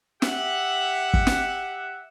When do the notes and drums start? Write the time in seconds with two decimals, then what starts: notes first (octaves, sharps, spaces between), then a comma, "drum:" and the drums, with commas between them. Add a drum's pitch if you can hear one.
0.22 G4 E5 F#5, drum: snare
1.14 drum: kick
1.27 drum: snare